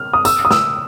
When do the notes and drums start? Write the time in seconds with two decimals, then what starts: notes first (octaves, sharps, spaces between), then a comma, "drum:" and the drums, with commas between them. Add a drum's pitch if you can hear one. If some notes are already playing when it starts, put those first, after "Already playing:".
Already playing: F6
0.13 D#6
0.25 E6, drum: tambourine
0.45 D#6
0.51 E6, drum: snare